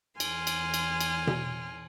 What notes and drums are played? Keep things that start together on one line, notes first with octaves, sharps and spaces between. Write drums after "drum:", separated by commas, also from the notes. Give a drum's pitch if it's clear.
E2 G#5 C6 F6, drum: cymbal
drum: cymbal
drum: cymbal
drum: cymbal
drum: tom B2